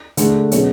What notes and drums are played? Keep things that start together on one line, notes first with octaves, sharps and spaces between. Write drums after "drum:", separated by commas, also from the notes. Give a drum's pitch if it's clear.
D3 A3 D4 G#4, drum: hi-hat
B2 F#3 C#4 G#4 C#5, drum: hi-hat